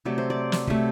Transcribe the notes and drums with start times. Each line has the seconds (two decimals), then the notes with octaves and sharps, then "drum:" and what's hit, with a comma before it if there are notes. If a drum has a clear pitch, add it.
0.05 C3 F#3 A3 D5
0.18 C5
0.30 D5
0.52 drum: snare
0.67 C3 F#3 A3, drum: kick